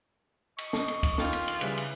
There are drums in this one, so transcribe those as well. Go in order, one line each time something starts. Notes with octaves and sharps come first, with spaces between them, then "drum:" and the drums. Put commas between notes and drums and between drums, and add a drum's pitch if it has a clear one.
D#5 C#6, drum: cymbal
drum: snare
drum: cymbal
drum: kick, cymbal
D#3 D#4 F4 G5, drum: snare
drum: cymbal
drum: cymbal
C#3 E3 G3 C#4 B4, drum: cymbal
drum: cymbal